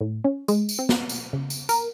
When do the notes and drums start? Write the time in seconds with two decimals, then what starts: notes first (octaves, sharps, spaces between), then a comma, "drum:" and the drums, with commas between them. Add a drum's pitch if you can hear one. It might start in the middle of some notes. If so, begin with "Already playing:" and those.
0.01 A2
0.24 C#4
0.48 G#3, drum: tambourine
0.69 drum: tambourine
0.79 C4
0.89 drum: snare
1.09 drum: tambourine
1.33 C#3
1.50 drum: tambourine
1.69 A#4, drum: tambourine